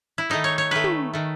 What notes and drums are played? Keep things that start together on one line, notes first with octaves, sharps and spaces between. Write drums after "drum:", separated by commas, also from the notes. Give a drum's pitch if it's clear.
E4
D#3 A3 D#4
C#5
C#5
D#3 A3 B4
drum: tom
D#3 A3